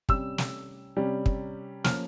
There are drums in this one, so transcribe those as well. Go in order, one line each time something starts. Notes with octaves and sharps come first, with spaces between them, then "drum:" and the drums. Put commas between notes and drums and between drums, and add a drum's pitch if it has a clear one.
C3 G3 C#4 E6, drum: kick
drum: snare
C3 G3 C#4
drum: kick
F3 A#3 C#4 F6, drum: snare